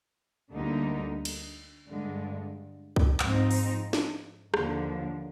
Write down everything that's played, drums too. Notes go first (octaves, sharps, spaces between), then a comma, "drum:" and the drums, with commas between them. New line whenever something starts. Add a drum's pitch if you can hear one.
D2 D3 G3 A#3 D#4
drum: cymbal
G2 D3 G#3
drum: kick C2
G#2 F3 C4 D#4, drum: clap
drum: open hi-hat
drum: snare
D#2 D3 F3, drum: rim click